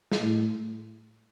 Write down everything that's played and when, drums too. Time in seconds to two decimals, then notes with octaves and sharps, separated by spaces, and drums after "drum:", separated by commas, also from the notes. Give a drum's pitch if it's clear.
0.12 drum: snare
0.21 A2